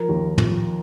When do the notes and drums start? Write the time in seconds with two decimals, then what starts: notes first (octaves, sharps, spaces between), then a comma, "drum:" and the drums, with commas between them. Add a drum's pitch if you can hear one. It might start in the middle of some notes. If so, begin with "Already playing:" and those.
Already playing: F3 A#4
0.09 D#2
0.38 F3, drum: tom